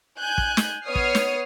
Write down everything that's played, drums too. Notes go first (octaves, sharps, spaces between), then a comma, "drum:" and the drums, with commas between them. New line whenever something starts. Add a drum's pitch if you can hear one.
G#5 F#6 G6
drum: kick
drum: snare
B3 C#5 D#6 F6 C7
drum: kick
drum: snare